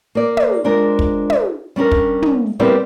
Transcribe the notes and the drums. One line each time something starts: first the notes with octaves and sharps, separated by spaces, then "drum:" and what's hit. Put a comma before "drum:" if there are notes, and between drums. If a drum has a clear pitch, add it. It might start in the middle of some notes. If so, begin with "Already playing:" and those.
A#3 D5
drum: tom
G#3 D4 F4 A#4 C5
drum: kick
drum: tom
G3 C#4 D4 A#4
drum: kick
drum: tom
G3 B3 C4 E4 G4 A#4